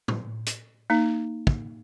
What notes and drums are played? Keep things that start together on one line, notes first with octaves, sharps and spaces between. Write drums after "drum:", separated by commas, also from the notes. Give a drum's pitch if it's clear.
drum: tom A2
drum: hi-hat
A#3 D#4
drum: kick